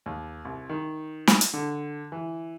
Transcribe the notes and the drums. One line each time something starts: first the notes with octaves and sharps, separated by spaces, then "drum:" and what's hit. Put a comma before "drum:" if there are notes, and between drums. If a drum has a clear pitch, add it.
D#2
C2
D#3
drum: snare
drum: hi-hat
D3
E3